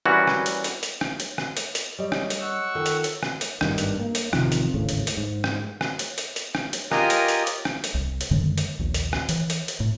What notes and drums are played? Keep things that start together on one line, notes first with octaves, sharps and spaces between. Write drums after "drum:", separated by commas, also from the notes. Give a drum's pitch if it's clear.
E3 G3 C#4 F#4 A#4
drum: rim click
drum: hi-hat
drum: hi-hat
drum: hi-hat
drum: rim click
drum: hi-hat
drum: rim click
drum: hi-hat
drum: hi-hat
G3 C#5 D#5
drum: rim click
drum: hi-hat
F#5 C#6 E6
D#3 F4 A4
drum: hi-hat
drum: hi-hat
drum: rim click
drum: hi-hat
G#1 G2 D#3, drum: rim click
drum: hi-hat
A#3
drum: hi-hat
A1 C3 D#3 F3, drum: rim click
drum: hi-hat
G#1 D2 A2 C#3
drum: hi-hat
drum: hi-hat
G#2
drum: rim click
drum: rim click
drum: hi-hat
drum: hi-hat
drum: hi-hat
drum: rim click
drum: hi-hat
F4 G4 A#4 D#5 G#5 A#5, drum: rim click
drum: hi-hat
drum: hi-hat
drum: hi-hat
drum: rim click
drum: hi-hat
C2
drum: hi-hat
F#2 D3 D#3 G#3
drum: hi-hat
A#1 D#2
drum: hi-hat
drum: rim click
E3, drum: hi-hat
drum: hi-hat
drum: hi-hat
A2